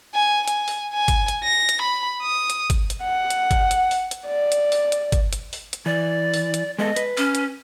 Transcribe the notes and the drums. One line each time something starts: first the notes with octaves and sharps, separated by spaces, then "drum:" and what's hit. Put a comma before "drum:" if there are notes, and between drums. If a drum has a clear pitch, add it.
G#5
G#5, drum: hi-hat
drum: open hi-hat
G#5
drum: kick, hi-hat
drum: hi-hat
A#6
drum: hi-hat
B5
D#6
drum: hi-hat
drum: kick, hi-hat
drum: hi-hat
F#5
drum: hi-hat
drum: kick, hi-hat
drum: hi-hat
drum: open hi-hat
drum: hi-hat
D5
drum: hi-hat
drum: open hi-hat
drum: hi-hat
drum: kick, hi-hat
drum: hi-hat
drum: open hi-hat
drum: hi-hat
E3 D5
drum: open hi-hat
drum: hi-hat
G#3 B3 A4 D#5
B4, drum: hi-hat
C#4, drum: open hi-hat
drum: hi-hat